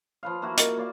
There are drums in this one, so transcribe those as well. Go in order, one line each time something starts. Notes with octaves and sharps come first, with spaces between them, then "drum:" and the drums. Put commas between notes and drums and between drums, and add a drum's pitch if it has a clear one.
F3 B4 F5
A#3 E4 F#4
A#4 D#5, drum: hi-hat
A#3 D5 F5